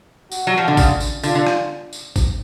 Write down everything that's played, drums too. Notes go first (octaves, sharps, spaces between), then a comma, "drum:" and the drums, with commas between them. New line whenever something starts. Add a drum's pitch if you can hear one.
F#4, drum: tambourine
F#3
F3
D3
C#3, drum: kick A1, tambourine
drum: tambourine
D3 F4, drum: tambourine
D3
drum: rim click
drum: tambourine
drum: kick A1, tambourine